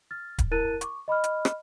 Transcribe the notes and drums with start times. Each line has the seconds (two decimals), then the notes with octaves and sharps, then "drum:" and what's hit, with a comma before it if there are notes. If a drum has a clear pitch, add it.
0.11 F6 A6
0.38 drum: kick D1, hi-hat
0.51 E4 A#4 A5 F#6 A6 D#7
0.81 C#6 D6, drum: hi-hat
1.08 D#5 B5 D6 F6
1.24 drum: hi-hat
1.45 drum: rim click